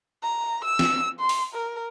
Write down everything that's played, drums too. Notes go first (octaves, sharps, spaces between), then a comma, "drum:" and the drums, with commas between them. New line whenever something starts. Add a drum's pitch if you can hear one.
A#5
E6
drum: snare C4
C6
drum: open hi-hat
A#4